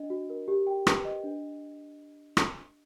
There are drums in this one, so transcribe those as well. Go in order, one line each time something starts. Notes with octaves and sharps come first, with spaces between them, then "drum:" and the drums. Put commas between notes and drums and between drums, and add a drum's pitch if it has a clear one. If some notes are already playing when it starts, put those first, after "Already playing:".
Already playing: D4 D#5
F#4
A#4
G4
G5
B4, drum: rim click
D#5
D4
drum: rim click